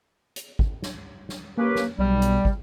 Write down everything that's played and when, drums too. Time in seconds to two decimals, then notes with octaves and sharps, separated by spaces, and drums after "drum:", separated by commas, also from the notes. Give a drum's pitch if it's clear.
0.36 drum: hi-hat
0.59 drum: kick
0.82 drum: snare
1.29 drum: snare
1.57 A#3 C#4 G4 B4
1.75 drum: snare
1.99 B1 G3
2.22 drum: hi-hat
2.45 drum: kick